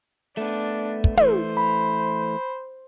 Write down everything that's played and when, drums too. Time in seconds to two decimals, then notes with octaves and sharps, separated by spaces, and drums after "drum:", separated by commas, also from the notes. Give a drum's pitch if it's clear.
0.37 A3 B3 D4
1.04 drum: kick
1.17 E3 A3 C5, drum: tom
1.57 B5